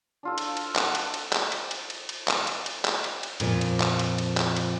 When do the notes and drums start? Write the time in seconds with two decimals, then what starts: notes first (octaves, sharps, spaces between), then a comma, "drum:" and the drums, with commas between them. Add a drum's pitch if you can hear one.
0.23 D4 F4 A4
0.38 drum: cymbal
0.57 drum: cymbal
0.76 A4 F#5, drum: clap
0.95 drum: cymbal
1.14 drum: cymbal
1.33 drum: clap
1.52 drum: cymbal
1.71 drum: cymbal
1.90 drum: cymbal
2.09 drum: cymbal
2.28 drum: clap
2.47 drum: cymbal
2.66 drum: cymbal
2.85 drum: clap
3.04 drum: cymbal
3.23 drum: cymbal
3.40 F2 A#2 F3, drum: cymbal
3.61 drum: cymbal
3.80 drum: clap
3.99 drum: cymbal
4.18 drum: cymbal
4.37 drum: clap
4.56 drum: cymbal